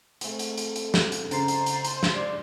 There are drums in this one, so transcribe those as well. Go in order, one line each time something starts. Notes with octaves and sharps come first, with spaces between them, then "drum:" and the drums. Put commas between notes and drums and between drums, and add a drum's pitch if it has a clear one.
A3 C4 G#4, drum: hi-hat
drum: hi-hat
drum: hi-hat
drum: hi-hat
drum: snare
drum: hi-hat
C#3 C5 A#5 A6 C7, drum: hi-hat
drum: hi-hat
drum: hi-hat
drum: hi-hat
drum: snare
D5